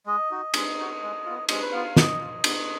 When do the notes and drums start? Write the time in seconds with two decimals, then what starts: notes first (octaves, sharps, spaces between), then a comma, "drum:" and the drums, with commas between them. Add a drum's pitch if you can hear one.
0.06 G#3 D#5
0.31 D#4 F#4
0.54 G#3, drum: cymbal
0.79 D#4 F#4
1.02 G#3
1.25 B3 F4
1.49 G#3 D#5, drum: cymbal
1.61 B4
1.72 B3 F4 F5
1.85 F5
1.97 B3 D#5, drum: snare
2.20 F4
2.44 B3, drum: cymbal